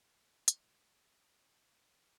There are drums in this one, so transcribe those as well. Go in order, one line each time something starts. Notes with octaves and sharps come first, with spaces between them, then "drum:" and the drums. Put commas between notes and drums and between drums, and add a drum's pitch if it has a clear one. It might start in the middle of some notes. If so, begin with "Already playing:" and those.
Already playing: A#4 D#5
drum: hi-hat
F4 A#4
D#4 A4 D#5
C#5